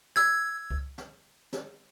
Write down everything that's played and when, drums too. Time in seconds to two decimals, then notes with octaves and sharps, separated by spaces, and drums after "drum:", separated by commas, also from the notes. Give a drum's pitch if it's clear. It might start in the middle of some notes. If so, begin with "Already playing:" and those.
0.16 E6 G#6, drum: snare
0.70 drum: kick C#2
0.98 drum: snare
1.53 drum: snare